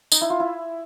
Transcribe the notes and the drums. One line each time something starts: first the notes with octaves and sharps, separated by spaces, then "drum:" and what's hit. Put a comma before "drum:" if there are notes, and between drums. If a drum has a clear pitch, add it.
D#4, drum: tambourine
E4
F4
E4